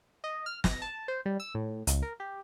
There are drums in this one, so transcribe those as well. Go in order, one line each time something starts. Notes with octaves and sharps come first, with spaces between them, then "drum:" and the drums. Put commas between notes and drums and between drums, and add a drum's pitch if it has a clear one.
D#5
F6
A#6, drum: snare
A5
C5
G3
E6
A2
C#2, drum: hi-hat
A#4
G4